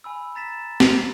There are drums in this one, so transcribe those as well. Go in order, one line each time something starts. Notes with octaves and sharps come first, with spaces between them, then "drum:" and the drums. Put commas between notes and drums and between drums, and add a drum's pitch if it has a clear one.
G#5 B5 E6
A#5 A6 B6 E7
drum: snare